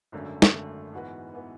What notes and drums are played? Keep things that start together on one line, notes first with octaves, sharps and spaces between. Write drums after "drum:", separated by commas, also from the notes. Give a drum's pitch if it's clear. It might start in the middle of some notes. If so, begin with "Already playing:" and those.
G#1 F#2 D3 A3
drum: snare
G#1 F#2 D3 A3
G#2 E3 B3 F#4 B4
E3 B3 F#4 B4